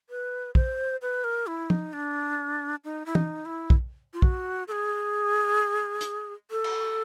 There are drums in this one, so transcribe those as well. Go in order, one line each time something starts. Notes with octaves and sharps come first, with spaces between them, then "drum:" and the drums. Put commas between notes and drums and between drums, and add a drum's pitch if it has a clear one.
B4
C5, drum: kick
B4
A#4
E4
D#4, drum: tom
D4
D#4
E4
D#4, drum: tom
E4
drum: kick
F4
F#4, drum: kick
A4
G#4
drum: hi-hat
A4
drum: cymbal